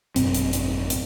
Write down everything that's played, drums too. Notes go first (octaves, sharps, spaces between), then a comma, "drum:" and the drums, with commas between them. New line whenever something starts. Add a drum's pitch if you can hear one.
G#1 F#2 B2 C4, drum: hi-hat
drum: hi-hat
drum: hi-hat
drum: hi-hat